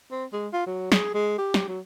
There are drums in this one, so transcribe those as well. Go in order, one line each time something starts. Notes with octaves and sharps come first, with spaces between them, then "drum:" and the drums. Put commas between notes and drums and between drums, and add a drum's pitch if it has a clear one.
C4
G#3
F4
F#3
G#4, drum: snare
G#3
G4
drum: snare
F#3